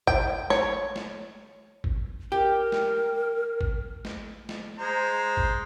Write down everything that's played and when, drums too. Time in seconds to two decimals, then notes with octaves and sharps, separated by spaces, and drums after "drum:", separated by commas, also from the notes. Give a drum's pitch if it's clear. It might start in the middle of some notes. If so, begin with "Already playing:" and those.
0.07 G5, drum: kick G#1
0.50 C#5, drum: snare
0.96 drum: snare
1.84 drum: kick G#1
2.32 G4 A#4
2.72 drum: snare
3.61 drum: kick G#1
4.05 drum: snare
4.49 drum: snare
4.79 G#3 C5 A#5
5.37 drum: kick G#1